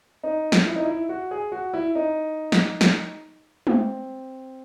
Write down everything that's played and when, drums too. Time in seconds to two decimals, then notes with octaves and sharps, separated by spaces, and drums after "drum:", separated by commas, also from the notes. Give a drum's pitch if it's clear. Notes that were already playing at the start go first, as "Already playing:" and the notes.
0.23 D#4
0.52 drum: snare
0.66 E4
0.76 D#4
0.85 E4
1.09 F#4
1.31 G#4
1.52 F#4
1.73 E4
1.95 D#4
2.52 drum: snare
2.81 drum: snare
3.67 C4, drum: tom G#3